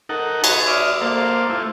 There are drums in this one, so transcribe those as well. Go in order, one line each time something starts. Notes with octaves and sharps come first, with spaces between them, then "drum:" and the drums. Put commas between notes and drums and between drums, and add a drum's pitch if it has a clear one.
D#4 A4 A#4 F#5
C#5 D#5 G#5 A5 B5, drum: cymbal
D5 E5 D#6 F6
A#3 A4 C5 F5 D6
A3 E4 F4